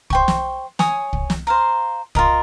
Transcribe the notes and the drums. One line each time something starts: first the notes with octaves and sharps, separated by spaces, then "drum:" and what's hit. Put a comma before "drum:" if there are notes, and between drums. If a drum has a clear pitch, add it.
C5 G5 C#6, drum: kick
drum: snare
C#5 G#5 D#6, drum: snare
drum: kick
drum: snare
C5 F5 A#5
F4 A#4 D#5, drum: kick